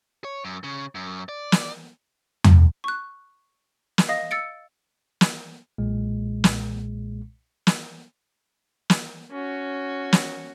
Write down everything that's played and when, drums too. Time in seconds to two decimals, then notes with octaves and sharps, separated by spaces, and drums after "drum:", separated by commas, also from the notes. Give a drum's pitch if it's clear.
0.25 C#5
0.45 F#2
0.64 C#3
0.95 F#2
1.29 D5
1.52 drum: snare
2.44 drum: tom E2
2.84 C#6 F#6
3.98 drum: snare
4.08 D#5 F5 D#6 A#6
4.31 E6 A6 C#7 D7
5.21 drum: snare
5.78 B1 A#2 G#3
6.44 drum: snare
7.67 drum: snare
8.90 drum: snare
9.31 C#4 F#4
10.13 drum: snare